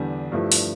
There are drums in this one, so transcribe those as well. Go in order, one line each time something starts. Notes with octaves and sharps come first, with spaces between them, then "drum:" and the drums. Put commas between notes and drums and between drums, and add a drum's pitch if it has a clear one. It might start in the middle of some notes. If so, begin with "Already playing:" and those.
Already playing: E2 D3 G3 D4
G2 F3 A3 E4
drum: open hi-hat